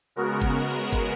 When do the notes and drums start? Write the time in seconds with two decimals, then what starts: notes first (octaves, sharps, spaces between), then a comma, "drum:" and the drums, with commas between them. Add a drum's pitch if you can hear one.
0.16 C#3 G#3 B3 F#4 A#4
0.42 drum: kick
0.92 drum: kick